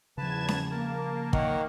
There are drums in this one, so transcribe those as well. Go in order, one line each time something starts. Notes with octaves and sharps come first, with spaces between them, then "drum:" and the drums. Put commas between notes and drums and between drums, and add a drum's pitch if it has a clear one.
E2 C#3 F3 B4 A5 G#6 E7
drum: snare C#4
A#3 A#4 A5
D#3 A#4 C#5 F#5, drum: kick